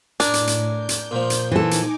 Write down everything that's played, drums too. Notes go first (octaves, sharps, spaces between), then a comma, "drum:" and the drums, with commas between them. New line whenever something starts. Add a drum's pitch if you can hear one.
A2 D4 A#4 G#5, drum: hi-hat
drum: hi-hat
drum: hi-hat
G6
drum: hi-hat
A#2 F3
drum: hi-hat
E3 D#4 A4 G#5 D6
drum: hi-hat